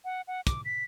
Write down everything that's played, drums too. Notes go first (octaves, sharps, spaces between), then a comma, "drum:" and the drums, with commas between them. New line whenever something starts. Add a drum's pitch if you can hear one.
F#5
F#5
D6, drum: kick, hi-hat
B6